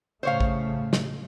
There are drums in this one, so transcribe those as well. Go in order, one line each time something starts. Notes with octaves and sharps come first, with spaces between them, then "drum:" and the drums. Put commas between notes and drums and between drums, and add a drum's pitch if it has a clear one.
A2 C#3 A3 C5 C#5 F5
drum: kick
drum: snare